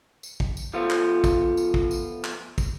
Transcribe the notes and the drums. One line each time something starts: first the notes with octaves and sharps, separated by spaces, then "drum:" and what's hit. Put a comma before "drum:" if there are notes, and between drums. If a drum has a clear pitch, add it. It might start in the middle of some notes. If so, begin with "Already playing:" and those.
drum: tambourine
drum: kick
drum: tambourine
F3 A3 B3 F4
drum: clap
drum: kick, tambourine
drum: tambourine
drum: kick
drum: tambourine
drum: clap
drum: kick, tambourine